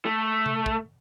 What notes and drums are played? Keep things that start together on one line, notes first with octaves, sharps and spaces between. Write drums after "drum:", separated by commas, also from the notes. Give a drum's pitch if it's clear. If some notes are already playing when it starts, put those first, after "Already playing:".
A3
drum: tom C3
drum: kick